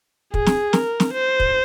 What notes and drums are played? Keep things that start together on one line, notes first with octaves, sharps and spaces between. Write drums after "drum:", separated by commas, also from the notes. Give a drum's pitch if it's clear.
G#4, drum: kick
drum: snare
A#4, drum: snare
drum: snare
C5
drum: kick